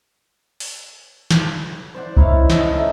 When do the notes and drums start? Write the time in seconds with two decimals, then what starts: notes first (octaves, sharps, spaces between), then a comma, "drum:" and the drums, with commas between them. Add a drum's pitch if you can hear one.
0.60 drum: open hi-hat
1.31 drum: snare
1.94 C5 D5 F#5
2.17 D#4 E4 C#5 F5, drum: kick C2
2.50 D#5 E5 A5, drum: snare
2.73 A3 C#4 D#4